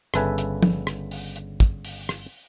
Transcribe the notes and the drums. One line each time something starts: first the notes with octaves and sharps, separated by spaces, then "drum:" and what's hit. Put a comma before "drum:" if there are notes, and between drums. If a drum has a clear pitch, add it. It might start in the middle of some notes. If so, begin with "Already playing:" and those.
G1 C#3 A4 B4 E5 G#5, drum: rim click
drum: hi-hat
drum: tom
drum: rim click
drum: open hi-hat
drum: hi-hat
drum: kick, hi-hat
drum: open hi-hat
drum: rim click